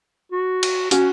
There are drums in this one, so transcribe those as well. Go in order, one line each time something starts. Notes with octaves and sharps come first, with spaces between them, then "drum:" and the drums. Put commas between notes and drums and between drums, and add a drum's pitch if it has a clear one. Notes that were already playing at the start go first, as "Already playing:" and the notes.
F#4
drum: cymbal
C#4 F#4, drum: hi-hat